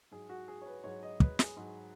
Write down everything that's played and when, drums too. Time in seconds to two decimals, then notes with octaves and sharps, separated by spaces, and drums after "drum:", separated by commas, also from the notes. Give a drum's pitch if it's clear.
0.11 G#2 F#3 G#4
0.29 F#4
0.48 G#4
0.62 C#5
0.66 B4
0.84 G#2 F#3 C#5
1.03 D#5
1.20 B4, drum: kick
1.39 G#4, drum: snare
1.57 G#2 F#3